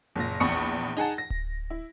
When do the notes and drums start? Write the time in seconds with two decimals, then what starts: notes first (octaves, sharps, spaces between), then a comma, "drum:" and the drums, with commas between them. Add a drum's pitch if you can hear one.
0.16 F#1 A#2 A#6
0.40 A#1 E2 B5 C#6 D#6 C#7
0.97 D#4 G#4 F#5 A5
1.18 A#6
1.30 drum: kick D1
1.70 E4